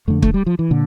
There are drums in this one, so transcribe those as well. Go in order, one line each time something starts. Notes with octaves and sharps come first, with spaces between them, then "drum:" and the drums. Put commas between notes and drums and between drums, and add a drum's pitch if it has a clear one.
F2 D3 A3
A3, drum: kick
G3
F3
E3
A#2 D3